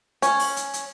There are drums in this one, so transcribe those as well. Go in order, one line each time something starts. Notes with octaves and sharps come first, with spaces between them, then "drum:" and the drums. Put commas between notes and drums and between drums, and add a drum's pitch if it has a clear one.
C#4, drum: hi-hat
drum: open hi-hat
drum: hi-hat
drum: hi-hat